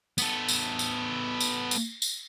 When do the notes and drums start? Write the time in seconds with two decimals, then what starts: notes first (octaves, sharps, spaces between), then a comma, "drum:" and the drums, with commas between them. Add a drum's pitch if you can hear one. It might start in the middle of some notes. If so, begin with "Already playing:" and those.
0.18 B3 A4, drum: tambourine
0.48 drum: tambourine
0.79 drum: tambourine
1.41 drum: tambourine
1.71 drum: tambourine
2.02 drum: tambourine